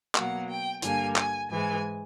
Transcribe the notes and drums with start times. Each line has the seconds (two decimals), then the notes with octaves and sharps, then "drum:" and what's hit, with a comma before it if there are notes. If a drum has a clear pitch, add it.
0.15 B2 F#3 A#3 F#5, drum: clap
0.49 G5
0.82 G2 D3 G3 A#3 G#5, drum: hi-hat
1.16 G#5, drum: clap
1.50 G#2 E3 G#3 G#5